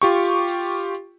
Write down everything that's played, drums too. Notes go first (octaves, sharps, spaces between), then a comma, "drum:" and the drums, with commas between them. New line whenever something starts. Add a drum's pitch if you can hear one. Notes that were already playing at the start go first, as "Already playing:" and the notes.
F4 G4 C#6, drum: hi-hat
drum: open hi-hat
drum: hi-hat